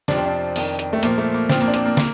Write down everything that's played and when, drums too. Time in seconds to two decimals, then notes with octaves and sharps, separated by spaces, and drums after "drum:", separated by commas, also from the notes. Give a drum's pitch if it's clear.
0.08 F2 C3 F3 D4, drum: snare
0.17 C4
0.26 D4
0.56 F2 D#3, drum: open hi-hat
0.79 drum: hi-hat
0.93 A3
1.03 A#2 F3 A#3, drum: hi-hat
1.18 A3
1.34 A#3
1.50 A#2 F3 C4, drum: snare
1.61 A#3
1.68 D4
1.74 C4, drum: hi-hat
1.86 A#3
1.97 A#3, drum: snare